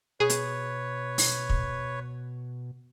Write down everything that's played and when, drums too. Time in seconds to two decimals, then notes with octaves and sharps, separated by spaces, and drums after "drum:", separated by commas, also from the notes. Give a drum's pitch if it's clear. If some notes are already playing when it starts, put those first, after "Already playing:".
0.20 B2 G#4 B4 C#5
0.30 drum: hi-hat
1.18 drum: open hi-hat
1.50 drum: kick